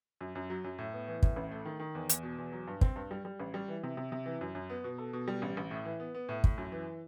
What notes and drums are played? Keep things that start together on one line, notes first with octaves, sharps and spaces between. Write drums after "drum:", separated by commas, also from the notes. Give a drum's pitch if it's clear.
F#2
F#2
F#3
F#2
A2
B3
E3
A2, drum: kick
A1
A3
D#3
D#3
E2
E2, drum: hi-hat
B2
E2
F#3
G2
C4, drum: kick
G2
G3
G3
A1
G3
E3
C3
C3
C3
E3
F#2
F#2
B3
B2
A4
B2
G3
A1
A1
A2
E3
B3
B3
A2
A2, drum: kick
F#2
E3